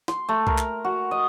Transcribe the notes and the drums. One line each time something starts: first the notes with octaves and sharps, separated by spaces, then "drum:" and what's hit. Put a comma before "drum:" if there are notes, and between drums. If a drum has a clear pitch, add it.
C6, drum: snare
A3
A#4, drum: kick C2
drum: clap
F#4
D#5